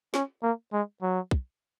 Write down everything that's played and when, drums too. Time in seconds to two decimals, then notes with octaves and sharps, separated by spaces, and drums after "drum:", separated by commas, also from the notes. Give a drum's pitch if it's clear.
0.14 C#4, drum: snare
0.43 A#3
0.73 G#3
1.02 F#3
1.31 drum: kick